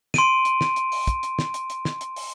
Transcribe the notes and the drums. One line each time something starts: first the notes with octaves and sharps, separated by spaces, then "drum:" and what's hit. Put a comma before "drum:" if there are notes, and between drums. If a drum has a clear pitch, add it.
C6 D7 D#7, drum: snare
drum: hi-hat
drum: snare
drum: hi-hat
drum: open hi-hat
drum: kick, hi-hat
drum: hi-hat
drum: snare
drum: hi-hat
drum: hi-hat
drum: snare
drum: hi-hat
drum: open hi-hat